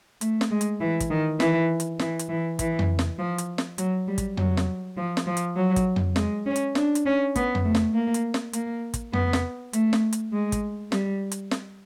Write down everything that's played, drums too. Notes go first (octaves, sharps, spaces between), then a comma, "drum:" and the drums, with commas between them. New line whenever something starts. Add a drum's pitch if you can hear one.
A3, drum: hi-hat
drum: snare
G#3
drum: hi-hat
E3
drum: kick, hi-hat
D#3
E3, drum: snare
drum: hi-hat
E3, drum: snare
drum: hi-hat
E3
E3, drum: kick, hi-hat
drum: tom F2
drum: snare
F3
drum: hi-hat
drum: snare
F#3, drum: hi-hat
G3
drum: kick, hi-hat
F#3, drum: tom F2
drum: snare
F3
drum: snare
F3
drum: hi-hat
F#3
drum: kick, hi-hat
drum: tom F2
G#3, drum: snare
C#4
drum: hi-hat
D4, drum: snare
drum: hi-hat
C#4
B3, drum: kick, hi-hat
drum: tom F2
A3
drum: snare
A#3
drum: hi-hat
drum: snare
A#3, drum: hi-hat
drum: kick, hi-hat
B3, drum: tom F2
drum: snare
A3, drum: hi-hat
drum: snare
drum: hi-hat
G#3
drum: kick, hi-hat
G3, drum: snare
drum: hi-hat
drum: snare